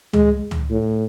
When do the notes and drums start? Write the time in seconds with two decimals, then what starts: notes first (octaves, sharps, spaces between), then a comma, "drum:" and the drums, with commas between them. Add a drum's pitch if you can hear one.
0.13 G#3, drum: tom C#2
0.51 drum: tom C#2
0.71 A2